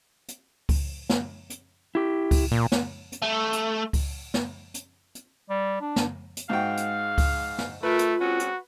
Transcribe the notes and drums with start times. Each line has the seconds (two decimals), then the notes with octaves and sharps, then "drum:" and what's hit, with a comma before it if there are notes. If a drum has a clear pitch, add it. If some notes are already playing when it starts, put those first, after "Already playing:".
0.28 drum: hi-hat
0.69 drum: kick C#2, open hi-hat
1.09 drum: snare
1.50 drum: hi-hat
1.95 E4 G4
2.31 drum: kick C#2, open hi-hat
2.51 A#2
2.72 drum: snare
3.12 drum: hi-hat
3.22 A3
3.53 drum: hi-hat
3.93 drum: kick C#2, open hi-hat
4.34 drum: snare
4.74 drum: hi-hat
5.15 drum: hi-hat
5.50 G3
5.81 D4
5.96 drum: snare
6.37 drum: hi-hat
6.50 G#2 G#3 F#4 F5 G5
6.77 drum: hi-hat
7.18 drum: kick C#2, open hi-hat
7.58 drum: snare
7.83 A3 F4 A#4 B4
7.99 drum: hi-hat
8.21 G#3 C4 C#4 F#4
8.39 drum: hi-hat